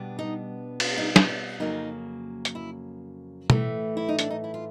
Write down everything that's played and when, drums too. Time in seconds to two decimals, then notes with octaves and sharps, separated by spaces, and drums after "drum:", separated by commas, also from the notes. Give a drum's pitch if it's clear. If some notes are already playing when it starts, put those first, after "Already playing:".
Already playing: B2 G3 B3 D4
0.19 D#4
0.80 drum: cymbal
0.98 D#4
1.16 drum: snare
1.29 D4
1.60 F2 C#3 F#3 A#3 D#4
2.45 drum: hi-hat
2.55 E4
3.50 A2 E3 A3, drum: tom
3.97 E4
4.09 D#4
4.19 D4, drum: hi-hat
4.30 D#4
4.44 E4
4.54 F4